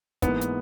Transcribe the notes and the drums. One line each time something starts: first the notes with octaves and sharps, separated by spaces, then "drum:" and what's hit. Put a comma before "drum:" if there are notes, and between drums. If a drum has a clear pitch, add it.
G#2 E3 A#3 B3, drum: kick, hi-hat
drum: hi-hat